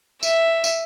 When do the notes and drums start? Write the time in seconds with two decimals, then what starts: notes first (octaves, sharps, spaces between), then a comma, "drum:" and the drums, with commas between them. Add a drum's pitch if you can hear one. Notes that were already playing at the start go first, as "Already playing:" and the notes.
0.23 E5, drum: tambourine
0.64 drum: tambourine